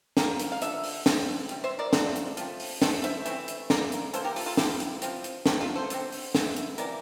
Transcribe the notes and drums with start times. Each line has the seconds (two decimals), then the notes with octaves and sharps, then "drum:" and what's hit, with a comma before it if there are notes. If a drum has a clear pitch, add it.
0.17 D3 F3 A#3 G4 A#4, drum: snare
0.39 drum: hi-hat
0.52 F5
0.61 D3 F3 E5, drum: hi-hat
0.83 drum: open hi-hat
1.06 C3 G3 C4, drum: snare
1.49 C3 G3, drum: hi-hat
1.64 C5 E5
1.79 A#4 D5
1.93 F3 A3 C4, drum: snare
2.15 drum: hi-hat
2.37 F3 A3 C4, drum: hi-hat
2.60 drum: open hi-hat
2.82 E3 A3 C4 A4 C5, drum: snare
3.04 C5 E5, drum: hi-hat
3.25 E3 A3 C4 C5 E5, drum: hi-hat
3.48 drum: hi-hat
3.70 E3 A#3 A#4 D5, drum: snare
3.92 drum: hi-hat
4.13 E3 A#3 A4 C5, drum: hi-hat
4.24 G4 A#4
4.36 F4 A4, drum: open hi-hat
4.46 F4 A4
4.57 F3 C4 E4 G4, drum: snare
4.80 drum: hi-hat
5.02 F3 C4, drum: hi-hat
5.24 drum: hi-hat
5.46 D3 A3 C4 G4 A#4, drum: snare
5.61 F4 A4
5.75 A4 C5
5.90 D3 A3 C4, drum: hi-hat
6.12 drum: open hi-hat
6.35 C3 E3 A#3, drum: snare
6.56 drum: hi-hat
6.78 C3 E3 A#3 A#4 D5, drum: hi-hat